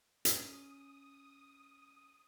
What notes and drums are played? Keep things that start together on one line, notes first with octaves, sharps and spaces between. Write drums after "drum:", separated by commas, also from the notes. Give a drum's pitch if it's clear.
C#4 D#6, drum: hi-hat